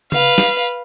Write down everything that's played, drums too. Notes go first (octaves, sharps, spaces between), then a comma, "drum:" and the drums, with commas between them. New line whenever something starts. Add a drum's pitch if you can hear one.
B4 F5, drum: tom C#3
drum: snare